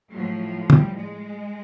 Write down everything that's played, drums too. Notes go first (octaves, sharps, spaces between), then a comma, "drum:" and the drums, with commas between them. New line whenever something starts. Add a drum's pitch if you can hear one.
A2 F3 F#3
G3, drum: tom
G#3